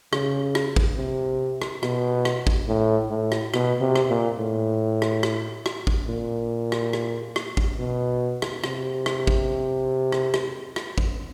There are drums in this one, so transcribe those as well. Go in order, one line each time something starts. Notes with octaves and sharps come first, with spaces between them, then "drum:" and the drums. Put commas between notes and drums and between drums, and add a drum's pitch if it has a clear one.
C#3, drum: rim click
drum: rim click
drum: kick
C3
drum: rim click
B2, drum: rim click
drum: rim click
drum: kick
A2
A2
drum: rim click
B2, drum: rim click
C3
drum: rim click
A#2
A2
drum: rim click
drum: rim click
drum: rim click
drum: kick
A#2
drum: rim click
drum: rim click
drum: rim click
drum: kick
B2
drum: rim click
C3, drum: rim click
drum: rim click
drum: kick
drum: rim click
drum: rim click
drum: rim click
drum: kick